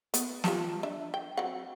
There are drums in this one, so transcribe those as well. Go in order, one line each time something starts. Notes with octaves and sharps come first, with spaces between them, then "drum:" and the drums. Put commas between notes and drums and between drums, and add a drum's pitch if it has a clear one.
B3, drum: hi-hat
F4 G4 A5, drum: snare
D4 E5
G5
F#3 C4 F#5